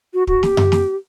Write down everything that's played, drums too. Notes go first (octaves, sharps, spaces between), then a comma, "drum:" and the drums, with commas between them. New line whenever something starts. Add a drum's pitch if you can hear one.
F#4
F#4, drum: kick
G4, drum: snare
drum: tom F#2
drum: snare